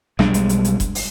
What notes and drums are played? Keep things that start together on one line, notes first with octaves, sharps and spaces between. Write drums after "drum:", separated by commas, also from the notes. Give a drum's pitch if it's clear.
B1 G3 G#3 D4, drum: rim click
drum: hi-hat
drum: hi-hat
drum: hi-hat
drum: kick E1, hi-hat
drum: open hi-hat